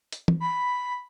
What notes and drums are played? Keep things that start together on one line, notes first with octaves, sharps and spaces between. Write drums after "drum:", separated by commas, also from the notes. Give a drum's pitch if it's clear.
drum: hi-hat
drum: tom
B5